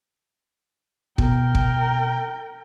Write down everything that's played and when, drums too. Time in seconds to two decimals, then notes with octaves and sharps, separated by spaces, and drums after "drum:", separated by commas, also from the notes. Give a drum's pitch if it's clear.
1.18 B2 A#4 G5, drum: kick
1.55 drum: kick